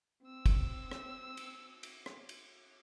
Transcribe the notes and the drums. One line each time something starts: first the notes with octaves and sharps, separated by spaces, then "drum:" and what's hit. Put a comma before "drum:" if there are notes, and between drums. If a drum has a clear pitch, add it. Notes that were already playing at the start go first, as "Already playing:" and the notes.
C4 E6
drum: kick, cymbal
drum: rim click
drum: cymbal
drum: cymbal
drum: rim click
drum: cymbal